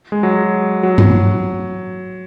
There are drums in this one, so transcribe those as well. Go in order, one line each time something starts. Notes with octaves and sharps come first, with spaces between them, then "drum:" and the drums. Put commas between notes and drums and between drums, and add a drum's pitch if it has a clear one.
G#3
F#3
F#3
drum: tom